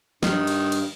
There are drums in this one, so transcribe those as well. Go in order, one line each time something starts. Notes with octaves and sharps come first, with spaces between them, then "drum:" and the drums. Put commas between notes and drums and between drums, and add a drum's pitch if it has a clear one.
G2 D#3, drum: snare
drum: cymbal
drum: cymbal